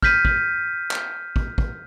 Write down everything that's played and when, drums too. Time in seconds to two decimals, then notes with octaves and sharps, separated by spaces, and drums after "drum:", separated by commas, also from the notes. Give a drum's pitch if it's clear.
0.03 F6 G6 B6 D#7, drum: kick
0.25 drum: kick
0.91 drum: clap
1.36 drum: kick
1.58 drum: kick